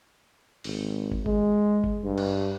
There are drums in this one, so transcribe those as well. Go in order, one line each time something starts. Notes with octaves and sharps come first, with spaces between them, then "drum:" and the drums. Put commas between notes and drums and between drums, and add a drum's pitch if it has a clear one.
G#1, drum: open hi-hat
drum: kick
G#3, drum: kick
drum: kick
G2
drum: cymbal